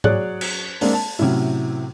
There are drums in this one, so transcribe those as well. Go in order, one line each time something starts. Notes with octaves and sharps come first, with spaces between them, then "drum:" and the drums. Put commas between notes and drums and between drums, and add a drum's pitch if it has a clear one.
F#3 G#4 C#5 D5 F#6, drum: tom G#2
drum: cymbal
G#3 A#3 C4 D4, drum: open hi-hat
A5
A2 C3 F#3 C#4 E4